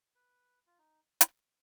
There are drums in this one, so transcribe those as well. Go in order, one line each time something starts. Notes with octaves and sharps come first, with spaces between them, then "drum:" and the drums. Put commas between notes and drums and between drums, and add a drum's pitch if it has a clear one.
B4
F4
D#4
drum: hi-hat